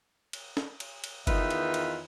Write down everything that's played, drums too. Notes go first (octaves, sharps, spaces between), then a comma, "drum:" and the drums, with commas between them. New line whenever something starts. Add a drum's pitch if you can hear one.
drum: cymbal
drum: snare
drum: cymbal
drum: cymbal
E2 D#3 D#4 F4 B4 E5, drum: kick G1, cymbal
drum: cymbal
drum: cymbal